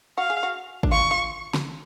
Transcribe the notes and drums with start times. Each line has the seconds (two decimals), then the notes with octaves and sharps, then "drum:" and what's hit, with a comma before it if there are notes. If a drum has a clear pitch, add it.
0.18 F#4 F5
0.30 G#4
0.43 F#4
0.83 D4, drum: kick
0.92 F4 C#6
1.11 F4
1.54 drum: snare